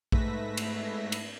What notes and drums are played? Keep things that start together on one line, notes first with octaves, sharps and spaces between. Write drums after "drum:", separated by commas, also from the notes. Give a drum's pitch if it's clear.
G#2 A3 B4 E5 A#6 B6, drum: kick A#1
drum: cymbal
drum: cymbal